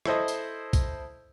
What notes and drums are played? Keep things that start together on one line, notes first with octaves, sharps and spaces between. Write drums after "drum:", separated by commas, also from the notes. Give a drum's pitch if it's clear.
E4 A4 C5 D#5, drum: rim click
drum: tambourine
drum: kick B1, tambourine